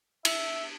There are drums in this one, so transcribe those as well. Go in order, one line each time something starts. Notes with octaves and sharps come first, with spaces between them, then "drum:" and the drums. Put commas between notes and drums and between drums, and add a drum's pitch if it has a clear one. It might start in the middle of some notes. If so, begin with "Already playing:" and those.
E5, drum: cymbal